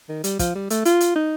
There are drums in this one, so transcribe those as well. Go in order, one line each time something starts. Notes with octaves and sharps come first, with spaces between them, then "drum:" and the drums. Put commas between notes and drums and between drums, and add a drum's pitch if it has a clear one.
D#3
G3, drum: hi-hat
F3, drum: kick, hi-hat
G3
A3, drum: hi-hat
F4, drum: hi-hat
drum: hi-hat
D#4